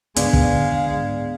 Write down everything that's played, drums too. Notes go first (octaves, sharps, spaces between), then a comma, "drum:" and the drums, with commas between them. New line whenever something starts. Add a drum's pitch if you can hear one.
G#2 D3 G#3 B3 D4 D5 F5, drum: hi-hat
drum: kick